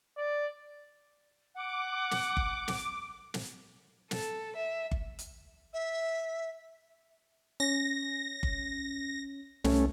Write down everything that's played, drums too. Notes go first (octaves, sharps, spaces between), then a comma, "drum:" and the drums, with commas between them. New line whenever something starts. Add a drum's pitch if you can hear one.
D5
F#5 D6
drum: snare
drum: kick G1
drum: snare
drum: snare
A4, drum: snare
E5
drum: kick G1
drum: hi-hat
E5
C#4 A#6
drum: kick G1
C2 A3 C#4, drum: snare